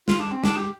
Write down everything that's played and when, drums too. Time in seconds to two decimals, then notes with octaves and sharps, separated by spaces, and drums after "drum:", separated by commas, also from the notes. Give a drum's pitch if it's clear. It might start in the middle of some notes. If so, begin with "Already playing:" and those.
0.08 F4, drum: snare
0.19 D4
0.31 C4
0.44 D4, drum: snare
0.56 G4